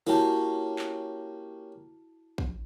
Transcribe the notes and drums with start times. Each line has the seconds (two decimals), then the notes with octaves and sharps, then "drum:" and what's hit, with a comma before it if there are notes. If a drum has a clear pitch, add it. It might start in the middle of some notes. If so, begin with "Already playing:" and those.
0.07 A#3 C#4 E4 F#4 G4 A5, drum: open hi-hat
0.79 drum: clap
2.38 drum: kick